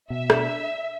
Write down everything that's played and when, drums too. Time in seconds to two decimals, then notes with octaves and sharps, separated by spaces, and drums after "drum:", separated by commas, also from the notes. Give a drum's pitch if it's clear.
0.10 B2 E5
0.30 D4, drum: rim click